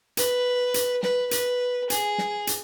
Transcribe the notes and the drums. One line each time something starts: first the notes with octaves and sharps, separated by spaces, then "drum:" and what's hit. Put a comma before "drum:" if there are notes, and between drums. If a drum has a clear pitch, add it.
B4, drum: hi-hat
drum: hi-hat
B4, drum: snare
B4, drum: hi-hat
G#4, drum: hi-hat
drum: snare
drum: hi-hat